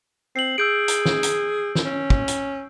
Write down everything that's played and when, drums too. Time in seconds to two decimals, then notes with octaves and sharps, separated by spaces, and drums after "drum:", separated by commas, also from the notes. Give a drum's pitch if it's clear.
0.36 C4 C7 F#7
0.58 G#4 E6 G6 D7
0.88 drum: hi-hat
1.06 drum: snare
1.23 drum: hi-hat
1.75 drum: snare
1.85 C#4
2.10 drum: kick
2.28 drum: hi-hat